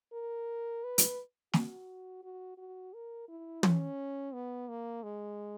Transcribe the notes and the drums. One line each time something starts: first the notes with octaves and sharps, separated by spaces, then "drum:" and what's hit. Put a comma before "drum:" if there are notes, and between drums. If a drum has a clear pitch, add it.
A#4
B4
drum: hi-hat
F#4, drum: snare
F#4
F#4
A#4
E4
C#4, drum: tom
B3
A#3
G#3